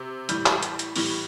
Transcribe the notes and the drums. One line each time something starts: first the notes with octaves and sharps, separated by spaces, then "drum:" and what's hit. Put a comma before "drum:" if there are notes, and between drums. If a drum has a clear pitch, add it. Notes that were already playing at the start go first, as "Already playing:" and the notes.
Already playing: C3
A2 E3 G3 G6, drum: hi-hat
drum: clap
drum: hi-hat
drum: hi-hat
A2 E3 G3, drum: open hi-hat